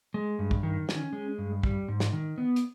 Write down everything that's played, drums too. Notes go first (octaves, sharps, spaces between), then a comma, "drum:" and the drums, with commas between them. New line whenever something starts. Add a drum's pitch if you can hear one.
G#3
G2
drum: kick
D#3
C#4, drum: snare
G#3
G2
G3, drum: kick
G#2
drum: snare
D#3
B3
drum: hi-hat